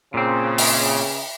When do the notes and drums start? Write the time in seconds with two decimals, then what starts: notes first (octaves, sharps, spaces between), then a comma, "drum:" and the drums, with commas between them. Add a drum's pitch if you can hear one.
0.14 A#2 C#3 C4
0.58 drum: open hi-hat